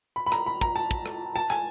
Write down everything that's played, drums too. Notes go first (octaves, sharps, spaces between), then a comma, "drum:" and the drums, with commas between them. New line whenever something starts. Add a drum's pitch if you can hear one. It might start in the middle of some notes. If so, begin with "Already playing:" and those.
B5
B5
A#5, drum: rim click
B5
A#5, drum: kick
A5
drum: kick
drum: rim click
A5
G#5, drum: rim click